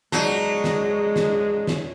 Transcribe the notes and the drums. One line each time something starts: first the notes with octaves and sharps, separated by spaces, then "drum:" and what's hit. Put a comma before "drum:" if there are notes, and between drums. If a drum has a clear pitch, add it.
F#3 G#3 D#4 D5 A5, drum: snare
drum: snare
drum: snare
drum: snare